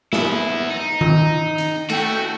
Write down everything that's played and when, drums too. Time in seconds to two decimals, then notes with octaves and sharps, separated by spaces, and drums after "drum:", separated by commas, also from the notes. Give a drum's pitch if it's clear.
0.13 B3 E4, drum: snare
0.69 D#4
1.01 drum: tom D#3
1.58 drum: hi-hat
1.89 A3 F#4 G5, drum: cymbal